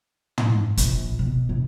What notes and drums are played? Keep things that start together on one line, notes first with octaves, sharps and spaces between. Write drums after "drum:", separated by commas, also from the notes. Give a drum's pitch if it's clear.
drum: tom
A#1, drum: hi-hat
B2
A#1